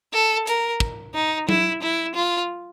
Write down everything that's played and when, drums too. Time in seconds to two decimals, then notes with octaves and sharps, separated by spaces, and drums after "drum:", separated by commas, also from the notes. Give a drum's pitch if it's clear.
0.13 A4
0.47 A#4, drum: hi-hat
0.80 drum: kick
1.14 D#4
1.49 E4, drum: tom F#3
1.82 E4
2.15 F4